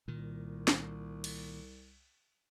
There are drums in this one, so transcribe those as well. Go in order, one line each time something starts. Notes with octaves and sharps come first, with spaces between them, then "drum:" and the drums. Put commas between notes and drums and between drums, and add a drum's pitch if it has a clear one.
C2 A#2 D#3
drum: snare
drum: cymbal